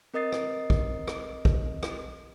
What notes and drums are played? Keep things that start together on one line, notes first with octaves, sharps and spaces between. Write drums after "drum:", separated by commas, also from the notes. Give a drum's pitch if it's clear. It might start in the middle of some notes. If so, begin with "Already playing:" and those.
C4 A#4 D#5 D#6 A6 C7
drum: rim click
drum: kick
drum: rim click
drum: kick
drum: rim click